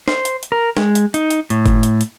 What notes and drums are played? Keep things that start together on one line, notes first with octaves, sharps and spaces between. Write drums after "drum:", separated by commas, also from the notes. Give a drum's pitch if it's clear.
C5, drum: snare
drum: hi-hat
drum: hi-hat
A#4
G#3, drum: snare
drum: hi-hat
D#4, drum: hi-hat
drum: hi-hat
A2, drum: hi-hat
drum: kick G1, hi-hat
drum: hi-hat
drum: hi-hat